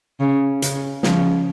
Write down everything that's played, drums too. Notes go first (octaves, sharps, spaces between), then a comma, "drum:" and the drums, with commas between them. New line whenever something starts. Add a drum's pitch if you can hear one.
C#3
C#3, drum: hi-hat
C#3 F3, drum: snare